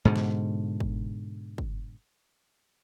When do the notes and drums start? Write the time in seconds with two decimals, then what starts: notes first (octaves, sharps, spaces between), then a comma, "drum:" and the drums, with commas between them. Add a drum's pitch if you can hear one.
0.05 G#2 B2 D3
0.16 drum: snare
0.80 drum: kick
1.58 drum: kick